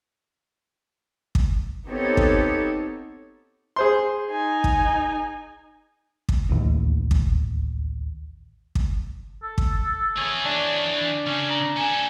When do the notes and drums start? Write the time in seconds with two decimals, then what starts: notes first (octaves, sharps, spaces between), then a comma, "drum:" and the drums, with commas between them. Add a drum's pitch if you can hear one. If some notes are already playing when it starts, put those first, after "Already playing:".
1.35 drum: kick
1.86 B3 C4 D#4 G4 A4 C#5
2.17 drum: kick
3.76 G#4 C5 C6
4.31 D#4 G#5
4.64 drum: kick
6.29 drum: kick
6.49 D1 A1 D#2
7.11 drum: kick
8.75 drum: kick
9.43 A4
9.58 drum: kick
10.18 E3 G#4 C#5
10.45 D4
11.27 C#3 C#4
11.50 A#5
11.77 C#4 A4 G#5